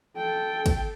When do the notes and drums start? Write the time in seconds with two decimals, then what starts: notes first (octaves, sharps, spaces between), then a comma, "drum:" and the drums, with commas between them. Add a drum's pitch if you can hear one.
0.17 A4 G5
0.66 drum: kick, cymbal